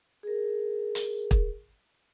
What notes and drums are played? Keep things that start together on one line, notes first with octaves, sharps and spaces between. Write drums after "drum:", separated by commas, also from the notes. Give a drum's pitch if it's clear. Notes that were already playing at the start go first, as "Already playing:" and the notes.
G#4 A#4
drum: hi-hat
drum: kick